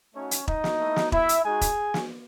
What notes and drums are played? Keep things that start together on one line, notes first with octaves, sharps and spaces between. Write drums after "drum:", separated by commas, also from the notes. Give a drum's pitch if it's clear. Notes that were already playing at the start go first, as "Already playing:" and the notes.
A3 C#4 D#4 F#4 C#5
drum: hi-hat
D#4 D#5, drum: kick E1
drum: snare
A3 E4
drum: snare
E4 E5, drum: kick E1
drum: hi-hat
G#3 D#4 F#4 G#4 G#5
drum: kick E1, hi-hat
drum: snare